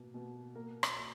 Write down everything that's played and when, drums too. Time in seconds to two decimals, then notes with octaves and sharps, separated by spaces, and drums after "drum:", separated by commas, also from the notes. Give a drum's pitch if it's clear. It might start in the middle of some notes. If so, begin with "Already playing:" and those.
Already playing: B2 A#3
0.14 B2
0.55 A#3 A#4
0.83 drum: rim click
0.96 A#3